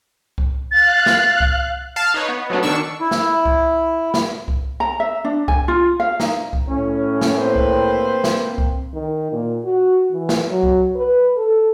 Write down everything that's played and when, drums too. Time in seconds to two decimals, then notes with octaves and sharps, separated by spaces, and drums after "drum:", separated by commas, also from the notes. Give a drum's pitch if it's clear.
0.38 drum: kick C2
0.71 F5 F#6 A6
1.06 drum: snare
1.40 drum: kick C2
1.96 F5 A5
2.14 D#4 B4 C#5
2.28 B3
2.50 F#3 A3 B3 D4
2.63 D#3 D4 C#6 E6
3.01 E4
3.11 drum: snare
3.45 drum: kick C2
4.14 drum: snare
4.48 drum: kick C2
4.80 A#5
5.00 E5
5.25 D4
5.48 G#5, drum: kick C2
5.68 F4
6.00 F5
6.20 D#4, drum: snare
6.53 drum: kick C2
6.68 A2 C#4
7.21 drum: snare
7.37 A#3 C4 B4 C5
7.56 drum: kick C2
8.24 drum: snare
8.58 drum: kick C2
8.94 D#3
9.32 A#2
9.64 F#4
10.12 E3
10.29 drum: snare
10.49 F#3
10.63 drum: kick C2
10.95 B4
11.37 A4